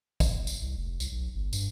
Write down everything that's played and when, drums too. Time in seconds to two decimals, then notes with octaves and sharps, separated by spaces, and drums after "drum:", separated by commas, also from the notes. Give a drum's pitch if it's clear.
0.20 F#1, drum: kick, tambourine
0.47 drum: tambourine
0.62 C2
0.77 F1
1.00 C2, drum: tambourine
1.11 B1
1.35 G1
1.53 G2, drum: tambourine